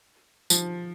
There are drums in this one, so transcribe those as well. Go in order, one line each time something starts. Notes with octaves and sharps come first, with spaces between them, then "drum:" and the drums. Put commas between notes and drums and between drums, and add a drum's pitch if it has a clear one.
F3, drum: tambourine